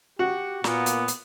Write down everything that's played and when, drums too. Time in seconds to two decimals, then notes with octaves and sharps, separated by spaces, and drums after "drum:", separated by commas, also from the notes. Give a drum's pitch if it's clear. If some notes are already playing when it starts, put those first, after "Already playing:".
0.19 F#4 G4
0.64 A#2 A#3 B3, drum: snare
0.86 drum: hi-hat
1.08 drum: hi-hat